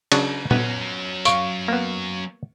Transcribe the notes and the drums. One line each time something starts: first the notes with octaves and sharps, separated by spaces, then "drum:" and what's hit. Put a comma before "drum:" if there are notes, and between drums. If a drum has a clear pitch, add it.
C#3 F#3 D4, drum: cymbal
F#3 B3 C#4, drum: tom A#2
F5 C#6 D7, drum: tambourine
A#3 B3